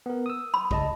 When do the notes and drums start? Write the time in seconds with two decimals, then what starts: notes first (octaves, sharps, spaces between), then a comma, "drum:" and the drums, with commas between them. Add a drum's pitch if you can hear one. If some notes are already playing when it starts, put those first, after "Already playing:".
0.06 B3 A#4
0.26 D#6 E6
0.54 B5
0.71 C#2 D#5 A5, drum: kick A#1